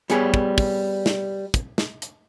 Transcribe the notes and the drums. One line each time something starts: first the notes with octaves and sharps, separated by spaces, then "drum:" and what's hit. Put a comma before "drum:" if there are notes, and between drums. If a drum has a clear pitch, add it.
G3 B3 G#4 C#5, drum: hi-hat
drum: kick
drum: kick, open hi-hat
drum: snare
drum: kick, hi-hat
drum: snare
drum: hi-hat